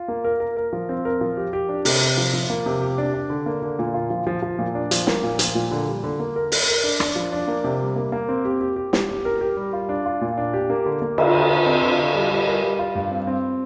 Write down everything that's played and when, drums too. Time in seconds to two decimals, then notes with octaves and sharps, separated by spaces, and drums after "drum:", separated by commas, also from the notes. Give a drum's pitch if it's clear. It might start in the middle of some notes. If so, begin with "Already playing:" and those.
Already playing: F4
0.08 A#3
0.24 A#4
0.40 A#4
0.57 A#4
0.73 F3
0.89 C4
1.05 A#4
1.21 F3
1.37 G4
1.53 G4
1.69 D4
1.85 C3, drum: open hi-hat
2.01 C3
2.18 F3
2.34 F3
2.50 A#3
2.66 C3
2.82 G4
2.98 D4
3.14 D4
3.30 D3
3.46 A#3
3.62 D3
3.79 A#2
3.94 F4
4.10 F3
4.27 F3
4.42 F3
4.58 A#2
4.75 D4
4.91 F3, drum: hi-hat
5.07 A#3, drum: snare
5.23 A#2
5.39 F3, drum: hi-hat
5.55 A#2
5.71 D3
5.87 G3
6.04 D3
6.20 A#3
6.36 A#4
6.52 A#4, drum: open hi-hat
6.68 A#4
6.84 D4
7.00 D4, drum: rim click
7.16 F3
7.32 D4
7.48 A#3
7.64 C3
7.81 G3
7.96 A#3
8.12 A#3
8.29 C4
8.45 G4
8.61 G4
8.76 G4
8.93 G4, drum: snare
9.09 G4
9.25 A#4
9.41 G4
9.57 G3
9.73 F4
9.89 D4
10.06 F4
10.21 A#2
10.37 D4
10.54 G4
10.70 A#3
10.86 D3
11.02 A#3
11.18 D3, drum: cymbal
11.34 D3
11.50 D3
11.66 C4
11.82 D3
11.99 D3
12.14 G3
12.31 G3
12.47 A#4
12.63 G3
12.79 F4
12.95 G2
13.11 C4
13.27 C4